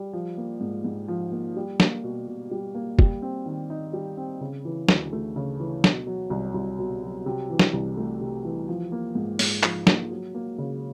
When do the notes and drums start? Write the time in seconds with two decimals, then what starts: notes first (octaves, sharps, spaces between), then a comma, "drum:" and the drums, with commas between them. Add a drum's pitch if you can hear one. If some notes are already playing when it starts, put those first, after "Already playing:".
Already playing: G3
0.13 F3
0.38 A#3
0.61 G#2
0.84 G#2
1.08 F3
1.32 A#3
1.56 G3
1.80 A#3, drum: snare
2.04 B2
2.28 B2
2.51 G3
2.75 A#3
2.99 G3, drum: kick
3.22 C4
3.46 D#3
3.70 D#4
3.93 G3
4.17 C4
4.41 C#3
4.65 E3
4.89 D2, drum: snare
5.13 A3
5.36 C#3
5.60 E3
5.84 B2, drum: snare
6.07 F#3
6.30 C2
6.54 C2
6.78 B2
7.03 F#3
7.26 C3
7.50 E3
7.59 drum: snare
7.73 C2
7.97 A3
8.21 C3
8.45 E3
8.68 F3
8.92 A#3
9.15 G#2
9.39 G#2, drum: open hi-hat
9.63 F3, drum: clap
9.87 A#3, drum: snare
10.11 F#3
10.34 A#3
10.58 C#3